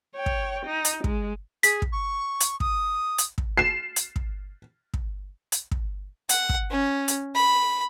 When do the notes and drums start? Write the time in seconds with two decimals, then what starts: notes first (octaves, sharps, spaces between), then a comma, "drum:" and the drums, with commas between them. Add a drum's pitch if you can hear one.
0.15 C#5 G5
0.26 drum: kick
0.66 D#4
0.85 drum: hi-hat
1.04 G#3, drum: kick
1.63 G#4 B6, drum: hi-hat
1.82 drum: kick
1.92 C#6
2.40 drum: hi-hat
2.60 D#6, drum: kick
3.18 drum: hi-hat
3.38 drum: kick
3.57 C7 E7
3.96 drum: hi-hat
4.16 drum: kick
4.94 drum: kick
5.52 drum: hi-hat
5.71 drum: kick
6.29 F#5, drum: hi-hat
6.49 drum: kick
6.70 C#4
7.08 drum: hi-hat
7.35 B5